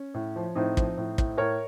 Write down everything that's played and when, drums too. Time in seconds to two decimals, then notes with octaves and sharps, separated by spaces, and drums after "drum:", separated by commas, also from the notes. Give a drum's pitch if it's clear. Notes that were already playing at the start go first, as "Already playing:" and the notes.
Already playing: C#4
0.14 A2
0.36 F3
0.55 A2 C4 D#4
0.77 F3, drum: kick
0.98 A2
1.18 A2, drum: kick
1.38 A2 A#4 C#5